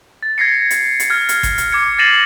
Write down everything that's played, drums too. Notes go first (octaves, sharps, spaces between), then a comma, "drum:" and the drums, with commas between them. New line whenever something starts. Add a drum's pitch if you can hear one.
A6
G#6 A#6 C7 C#7
drum: hi-hat
drum: hi-hat
F6 G#6
drum: hi-hat
drum: kick G#1, hi-hat
drum: hi-hat
D6 G#6 C#7
A6 A#6 C7 D#7 E7 F#7